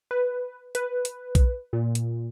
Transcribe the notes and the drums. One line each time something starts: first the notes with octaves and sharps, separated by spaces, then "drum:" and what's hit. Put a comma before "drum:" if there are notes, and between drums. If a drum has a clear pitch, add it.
B4
B4, drum: hi-hat
drum: hi-hat
drum: kick A#1, hi-hat
A#2
drum: hi-hat